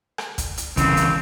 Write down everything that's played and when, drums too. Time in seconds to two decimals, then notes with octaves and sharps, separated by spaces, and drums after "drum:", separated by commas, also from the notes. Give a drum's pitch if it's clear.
0.18 drum: rim click
0.38 drum: kick, hi-hat
0.57 drum: hi-hat
0.77 C#3 E3 C4, drum: kick, hi-hat
0.97 drum: hi-hat